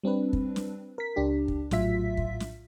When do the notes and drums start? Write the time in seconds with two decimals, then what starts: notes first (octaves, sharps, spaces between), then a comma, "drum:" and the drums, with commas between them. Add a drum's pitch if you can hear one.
0.03 G3 C4 D4 B4
0.33 drum: kick
0.56 drum: snare
0.98 A#4 B6
1.16 C#2 D4 G4
1.48 drum: kick
1.71 A#1 A2 F#3 F4 E5 B6, drum: snare
2.17 drum: kick
2.40 drum: snare